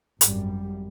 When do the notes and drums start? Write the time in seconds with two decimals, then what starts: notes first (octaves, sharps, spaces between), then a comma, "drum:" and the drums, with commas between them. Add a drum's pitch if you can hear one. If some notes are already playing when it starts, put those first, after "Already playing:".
0.21 G#1 F#2 G3, drum: hi-hat